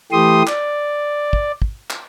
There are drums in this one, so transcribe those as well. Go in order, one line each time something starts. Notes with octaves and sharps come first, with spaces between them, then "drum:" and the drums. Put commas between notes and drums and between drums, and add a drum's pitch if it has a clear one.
E3 A3 G4 C6 D#6
D5, drum: clap
drum: kick
drum: kick
drum: clap